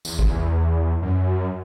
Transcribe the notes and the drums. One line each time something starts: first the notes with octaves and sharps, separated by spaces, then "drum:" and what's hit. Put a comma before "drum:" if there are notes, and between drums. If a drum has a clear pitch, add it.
E2, drum: tambourine
E2, drum: kick
F#2